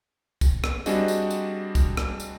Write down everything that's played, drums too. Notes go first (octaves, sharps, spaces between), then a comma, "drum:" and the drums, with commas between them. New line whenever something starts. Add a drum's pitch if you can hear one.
drum: kick C2, tambourine
drum: rim click
G3 C4 D4 F#4 G#4 D#5, drum: tambourine
drum: tambourine
drum: tambourine
drum: kick C2, tambourine
drum: rim click
drum: tambourine